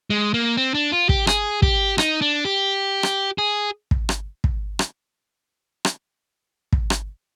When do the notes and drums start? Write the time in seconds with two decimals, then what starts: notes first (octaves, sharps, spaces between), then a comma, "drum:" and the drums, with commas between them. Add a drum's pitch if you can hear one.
0.10 G#3
0.34 A#3
0.57 C4
0.74 D4
0.92 F4
1.09 G4, drum: kick
1.27 G#4, drum: rim click
1.62 G4, drum: kick
1.98 D#4, drum: rim click
2.21 D4
2.45 G4
3.03 drum: rim click
3.38 G#4
3.91 drum: kick
4.09 drum: rim click
4.44 drum: kick
4.79 drum: rim click
5.85 drum: rim click
6.73 drum: kick
6.90 drum: rim click